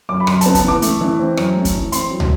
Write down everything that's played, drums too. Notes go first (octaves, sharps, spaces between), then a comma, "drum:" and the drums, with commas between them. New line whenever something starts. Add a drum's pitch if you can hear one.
F#2 D6
B5
F#2 C6, drum: rim click
A5, drum: hi-hat
B3
A5, drum: kick, hi-hat
E3 D6
A3, drum: hi-hat
E3
C4
F#2, drum: rim click
A3
drum: kick, hi-hat
E3
C4 C6, drum: hi-hat
F#3
drum: tom